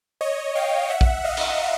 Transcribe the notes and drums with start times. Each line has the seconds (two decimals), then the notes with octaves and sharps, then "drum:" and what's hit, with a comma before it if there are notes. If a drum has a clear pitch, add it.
0.21 C#5 D#5
0.55 F5 G5
0.89 E5 F#5
1.01 drum: kick
1.24 D#5 F5
1.37 drum: cymbal